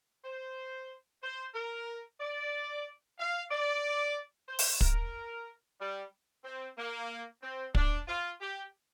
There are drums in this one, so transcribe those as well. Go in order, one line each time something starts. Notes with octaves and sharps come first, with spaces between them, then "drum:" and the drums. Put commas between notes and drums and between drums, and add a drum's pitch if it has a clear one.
C5
C5
A#4
D5
F5
D5
C5
drum: open hi-hat
A#4, drum: kick
G3
C4
A#3
C4
D4, drum: kick
F4
G4